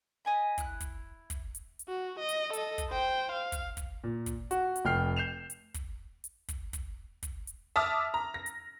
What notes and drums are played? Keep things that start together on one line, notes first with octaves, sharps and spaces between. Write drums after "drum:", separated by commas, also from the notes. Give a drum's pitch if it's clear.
D#5 G#5 B5
E4 F#6, drum: kick, hi-hat
drum: kick, hi-hat
drum: kick, hi-hat
drum: hi-hat
drum: hi-hat
F#4
D#5
drum: hi-hat
A4 D#5, drum: hi-hat
drum: kick, hi-hat
C5 G5
F5
drum: kick, hi-hat
drum: kick, hi-hat
A#2
drum: kick, hi-hat
F#4, drum: hi-hat
drum: hi-hat
F1 G5 F6 C7
G6 C7 E7 F7
drum: hi-hat
drum: kick, hi-hat
drum: hi-hat
drum: kick, hi-hat
drum: kick, hi-hat
drum: kick, hi-hat
drum: hi-hat
E5 A5 D6 D#6 F6
A#5
A#6
drum: hi-hat